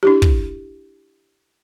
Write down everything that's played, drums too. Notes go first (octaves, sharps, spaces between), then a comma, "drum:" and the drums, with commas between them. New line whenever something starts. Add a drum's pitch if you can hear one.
D4 E4 G4
drum: kick